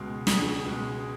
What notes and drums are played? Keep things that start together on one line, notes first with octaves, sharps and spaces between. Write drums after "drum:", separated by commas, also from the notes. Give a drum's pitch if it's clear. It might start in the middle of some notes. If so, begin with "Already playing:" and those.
Already playing: C#2 B2 G#3
C#2 D#6, drum: snare
B2 G#3